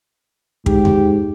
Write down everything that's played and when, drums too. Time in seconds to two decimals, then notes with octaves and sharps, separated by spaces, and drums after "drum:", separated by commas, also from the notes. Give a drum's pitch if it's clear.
0.66 G#2 G4, drum: kick
0.85 drum: tom E2